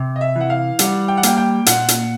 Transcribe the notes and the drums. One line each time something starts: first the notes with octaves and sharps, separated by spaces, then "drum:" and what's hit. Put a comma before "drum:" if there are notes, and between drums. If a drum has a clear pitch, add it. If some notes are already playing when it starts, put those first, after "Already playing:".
Already playing: C3
D#5
E5
E3 F#5
F5
G3 F#5, drum: hi-hat
G5
F#5
A#3 G5, drum: hi-hat
G5
A#2 F#5, drum: hi-hat
drum: hi-hat